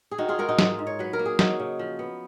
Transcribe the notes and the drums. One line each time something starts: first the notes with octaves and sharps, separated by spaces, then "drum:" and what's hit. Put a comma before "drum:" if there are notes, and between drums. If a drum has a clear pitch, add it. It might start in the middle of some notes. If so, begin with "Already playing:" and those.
G#4
D#3 D#4 F#4
F4 G#4
G#3 F#4 A#4
D#4 F#4
G#2 F4, drum: snare
G#2
C#5
F#3 B4
A#4
A#3
G#4
C#4 D#4 F#4, drum: snare
C#3
F3
B3